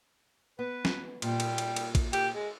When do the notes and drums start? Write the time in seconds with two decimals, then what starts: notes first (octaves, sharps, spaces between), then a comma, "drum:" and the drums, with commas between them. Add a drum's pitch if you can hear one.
0.59 B3 B4
0.85 drum: snare
1.22 A#2 G3, drum: cymbal
1.40 drum: cymbal
1.58 drum: cymbal
1.76 drum: cymbal
1.95 drum: kick, cymbal
2.13 G4, drum: cymbal
2.35 G#3